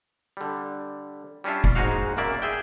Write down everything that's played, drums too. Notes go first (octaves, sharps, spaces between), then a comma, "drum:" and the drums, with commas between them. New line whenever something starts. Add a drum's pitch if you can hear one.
D3 G3
G3 C#4 D4 F4 E5
drum: kick F1
G#2 G#3 D#4 F#4 F5
F#2 C#3 A#3 D5 E5
G#4 E5 G5